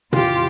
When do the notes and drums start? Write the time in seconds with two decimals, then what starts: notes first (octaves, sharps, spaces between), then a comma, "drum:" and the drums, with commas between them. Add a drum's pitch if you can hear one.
0.13 F2 C#3 E3 F4 G4, drum: tom A#2